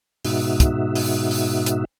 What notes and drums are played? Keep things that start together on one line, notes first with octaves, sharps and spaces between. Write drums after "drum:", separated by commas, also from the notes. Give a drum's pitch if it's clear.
G#2 B2 D#4 F#4 E5, drum: open hi-hat
drum: kick, hi-hat
drum: open hi-hat
drum: open hi-hat
drum: hi-hat